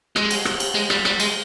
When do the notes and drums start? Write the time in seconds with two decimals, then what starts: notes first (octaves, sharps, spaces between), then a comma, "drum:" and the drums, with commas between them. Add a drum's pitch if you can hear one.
0.16 G#3, drum: rim click
0.31 drum: cymbal
0.45 drum: rim click
0.60 drum: cymbal
0.75 G#3
0.90 G3, drum: rim click
1.05 G3, drum: rim click
1.20 G#3, drum: cymbal